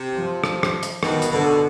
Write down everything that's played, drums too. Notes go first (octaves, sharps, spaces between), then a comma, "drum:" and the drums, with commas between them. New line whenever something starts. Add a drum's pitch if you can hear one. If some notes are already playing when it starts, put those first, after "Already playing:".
Already playing: C3
F3
drum: rim click
drum: rim click
drum: hi-hat
B2 D#3, drum: rim click
drum: hi-hat
B2 D3